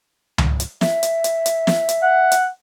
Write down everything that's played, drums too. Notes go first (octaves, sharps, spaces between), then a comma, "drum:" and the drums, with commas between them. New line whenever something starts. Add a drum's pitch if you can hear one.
drum: tom C#2
drum: hi-hat
E5, drum: snare
drum: hi-hat
drum: hi-hat
drum: hi-hat
drum: snare
drum: hi-hat
F#5
drum: hi-hat